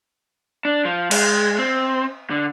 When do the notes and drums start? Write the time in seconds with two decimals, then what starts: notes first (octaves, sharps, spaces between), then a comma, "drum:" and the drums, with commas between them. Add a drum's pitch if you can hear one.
0.65 D4
0.85 F3
1.11 G#3, drum: cymbal
1.58 C4
2.30 D3